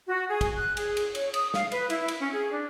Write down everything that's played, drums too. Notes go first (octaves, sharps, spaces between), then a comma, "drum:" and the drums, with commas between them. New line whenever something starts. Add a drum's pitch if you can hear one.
F#4
G#4
drum: kick, cymbal
F#6
G#4, drum: cymbal
drum: cymbal
C#5, drum: cymbal
D#6, drum: cymbal
F5, drum: snare
B4, drum: cymbal
E4, drum: cymbal
drum: cymbal
C#4
G#4
D4